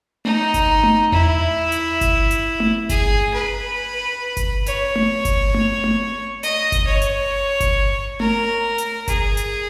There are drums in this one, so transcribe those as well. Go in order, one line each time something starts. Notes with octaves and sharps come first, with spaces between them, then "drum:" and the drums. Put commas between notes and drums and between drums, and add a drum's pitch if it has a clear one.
D#4, drum: tom A3
drum: kick G1, hi-hat
drum: tom A3
E4, drum: tom E2
drum: hi-hat
drum: kick G1, hi-hat
drum: hi-hat
drum: tom A3
G#4, drum: kick G1, hi-hat
B4
drum: kick G1, hi-hat
C#5, drum: hi-hat
drum: tom A3
drum: kick G1, hi-hat
drum: tom A3
drum: tom A3
D#5, drum: hi-hat
drum: kick G1, hi-hat
C#5
drum: hi-hat
drum: kick G1, hi-hat
A#4, drum: tom A3
drum: hi-hat
G#4, drum: kick G1, hi-hat
drum: hi-hat